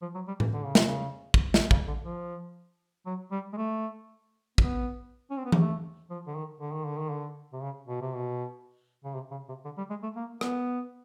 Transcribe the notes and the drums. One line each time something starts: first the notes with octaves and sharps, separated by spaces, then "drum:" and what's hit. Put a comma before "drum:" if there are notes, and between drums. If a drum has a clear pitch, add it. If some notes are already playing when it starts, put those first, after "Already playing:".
F3
F#3
G3
E3, drum: tom A2
D3
C#3
C3, drum: snare
C#3
drum: kick
C3, drum: snare
C#3, drum: kick
D3
F3
F#3
G3
G#3
A3
B3, drum: kick
C#4
C4
B3
A#3, drum: tom E3
A3
F3
D3
D#3
D3
D#3
D3
D#3
D3
C3
C#3
B2
C3
B2
C#3
C3
C#3
C3
D3
G3
G#3
A3
A#3
B3, drum: rim click